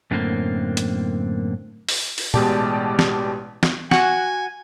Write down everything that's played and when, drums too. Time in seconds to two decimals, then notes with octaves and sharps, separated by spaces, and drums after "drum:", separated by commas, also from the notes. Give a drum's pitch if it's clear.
0.11 F#2 A2 D3 A#3 C4
0.77 drum: hi-hat
1.89 drum: open hi-hat
2.18 drum: open hi-hat
2.34 A1 B2 G#3 G4 D5 A5, drum: tom
2.99 drum: snare
3.63 drum: snare
3.91 F#4 F#5 G#5, drum: snare